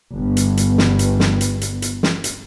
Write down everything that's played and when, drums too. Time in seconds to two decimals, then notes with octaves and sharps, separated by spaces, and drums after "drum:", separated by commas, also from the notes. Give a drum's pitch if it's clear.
0.16 G1 G2 G3 B3
0.37 drum: hi-hat
0.57 drum: hi-hat
0.78 drum: snare
0.99 drum: hi-hat
1.20 drum: snare
1.41 drum: hi-hat
1.61 drum: hi-hat
1.82 drum: hi-hat
2.03 drum: snare
2.24 drum: hi-hat